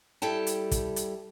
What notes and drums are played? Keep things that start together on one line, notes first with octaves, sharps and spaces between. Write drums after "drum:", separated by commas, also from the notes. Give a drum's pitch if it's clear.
G3 E4 A4 G5 A5
drum: hi-hat
drum: kick, hi-hat
drum: hi-hat